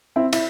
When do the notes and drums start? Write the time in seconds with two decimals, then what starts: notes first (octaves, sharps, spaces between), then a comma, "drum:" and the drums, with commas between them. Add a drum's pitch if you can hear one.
0.16 C4 E4
0.33 E4, drum: cymbal